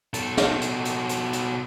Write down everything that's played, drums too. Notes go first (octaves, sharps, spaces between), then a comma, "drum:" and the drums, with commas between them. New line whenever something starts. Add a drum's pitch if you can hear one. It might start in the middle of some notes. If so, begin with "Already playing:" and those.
B2 A4, drum: hi-hat
drum: snare
drum: hi-hat
drum: hi-hat
drum: hi-hat
drum: hi-hat